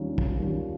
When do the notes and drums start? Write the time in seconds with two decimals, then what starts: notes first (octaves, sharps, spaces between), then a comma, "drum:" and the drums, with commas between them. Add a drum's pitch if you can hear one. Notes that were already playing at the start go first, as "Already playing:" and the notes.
Already playing: D#2 D#3 G3 C#4 F4
0.18 drum: kick
0.38 D#2 D#3 G3 C#4 F4